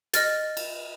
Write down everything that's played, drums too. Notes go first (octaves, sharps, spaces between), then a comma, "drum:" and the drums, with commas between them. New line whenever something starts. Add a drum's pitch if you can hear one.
D#5 F6 A6, drum: hi-hat
drum: cymbal